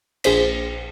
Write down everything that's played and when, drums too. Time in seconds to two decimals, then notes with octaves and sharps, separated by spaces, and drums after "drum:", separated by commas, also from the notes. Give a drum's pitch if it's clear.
0.24 A#1 G#4 C5 B6, drum: cymbal